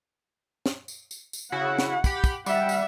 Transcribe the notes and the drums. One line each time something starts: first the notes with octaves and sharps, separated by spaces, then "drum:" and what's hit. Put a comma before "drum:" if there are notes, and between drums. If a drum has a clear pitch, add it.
drum: snare
drum: tambourine
drum: tambourine
drum: tambourine
C#3 E4 F#4 F#5
drum: snare
G4 B5, drum: kick, tambourine
drum: kick, tambourine
G3 E5 F#5, drum: tambourine
drum: tambourine